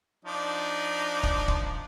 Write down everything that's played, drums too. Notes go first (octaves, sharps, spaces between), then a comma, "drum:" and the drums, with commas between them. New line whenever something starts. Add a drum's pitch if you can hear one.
F3 D4 D#4
drum: kick
drum: kick